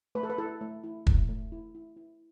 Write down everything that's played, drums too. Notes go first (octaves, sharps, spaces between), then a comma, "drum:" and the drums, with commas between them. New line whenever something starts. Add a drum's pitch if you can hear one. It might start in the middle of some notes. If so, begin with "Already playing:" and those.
A3 B4
A4
B4
E4 A4
A3
E4
A3, drum: kick
A3
E4
E4
E4